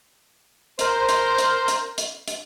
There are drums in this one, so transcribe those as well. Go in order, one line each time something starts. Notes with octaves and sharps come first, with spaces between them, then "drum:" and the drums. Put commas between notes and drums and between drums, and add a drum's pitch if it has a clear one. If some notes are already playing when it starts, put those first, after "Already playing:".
A#4 C5, drum: hi-hat
drum: hi-hat
drum: hi-hat
drum: hi-hat
drum: hi-hat
drum: hi-hat